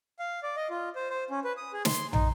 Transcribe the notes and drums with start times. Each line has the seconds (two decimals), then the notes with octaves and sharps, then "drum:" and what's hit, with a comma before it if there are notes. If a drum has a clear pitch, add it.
0.19 F5
0.43 D5
0.56 D#5
0.70 F4
0.96 C5
1.10 C5
1.30 C#4
1.45 B4
1.57 D#6
1.73 G#4
1.85 C6, drum: snare
2.13 D#4, drum: tom